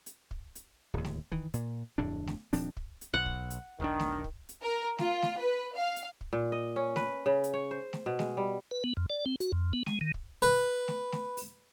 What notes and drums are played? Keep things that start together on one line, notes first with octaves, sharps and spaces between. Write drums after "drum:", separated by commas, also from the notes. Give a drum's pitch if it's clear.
drum: hi-hat
drum: kick
drum: hi-hat
D1 D#2
drum: snare
D#3 E3, drum: kick
A#2, drum: hi-hat
D1 F2 A2 D4
drum: snare
D#1 F3 C4 D4, drum: open hi-hat
drum: kick
drum: hi-hat
B1 F#5
drum: kick
drum: hi-hat
E1 B1 D#3 D4
drum: snare
drum: kick
drum: hi-hat
A#4
F4, drum: snare
drum: snare
B4
F5
drum: hi-hat
drum: kick
A#2
D#5
C#4
B4, drum: snare
C#3
drum: hi-hat
C#5
C5
drum: snare
B2
G#3, drum: snare
G3
B4
B3
F2
D5
C4
F#4, drum: hi-hat
F2
B3
G#3, drum: snare
D#3
drum: kick
B4
drum: snare
drum: snare
drum: open hi-hat